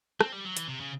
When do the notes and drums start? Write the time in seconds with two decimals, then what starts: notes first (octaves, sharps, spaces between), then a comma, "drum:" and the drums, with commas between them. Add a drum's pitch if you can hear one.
0.21 C4, drum: rim click
0.32 G3
0.45 F#3
0.57 E3, drum: hi-hat
0.68 C3
0.80 C#3